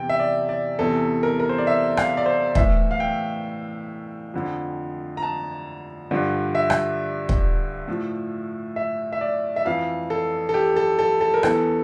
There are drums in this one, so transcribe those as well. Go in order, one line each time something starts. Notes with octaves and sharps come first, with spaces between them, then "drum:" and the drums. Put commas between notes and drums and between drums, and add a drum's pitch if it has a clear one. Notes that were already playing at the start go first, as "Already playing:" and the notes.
Already playing: E2 C3 E3 G5
E5
D5
D5
E2 C3 E3 A4
A#4
A#4
C5
D5
E5
F5, drum: rim click
D5
C5
A2 E3 E5, drum: kick
F5
G5
F2 D3 F3
A#5
A5
G2 D3 F3
E5
drum: rim click
drum: kick
A2 F3
E5
E5
D5
E5
F2 E3 F5
A4
A4
G4
A4
A4
A4
A#4
E2 E3 A4, drum: rim click